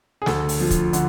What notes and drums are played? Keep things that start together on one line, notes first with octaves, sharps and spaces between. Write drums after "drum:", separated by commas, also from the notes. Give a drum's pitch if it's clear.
G#4
D2 A4, drum: snare
drum: open hi-hat
F3
drum: kick, hi-hat
D3, drum: hi-hat